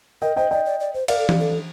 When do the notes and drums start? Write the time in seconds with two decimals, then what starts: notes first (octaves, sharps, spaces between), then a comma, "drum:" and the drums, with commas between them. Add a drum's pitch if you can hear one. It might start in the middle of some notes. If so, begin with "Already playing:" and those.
0.22 A#4 D#5 G5
0.36 C5 D#5 G5
0.51 D5 D#5 G5
0.66 D5
0.80 D5
0.94 C5
1.08 A#4 D5 F5, drum: cymbal
1.18 A4
1.29 G4, drum: tom E3
1.40 A4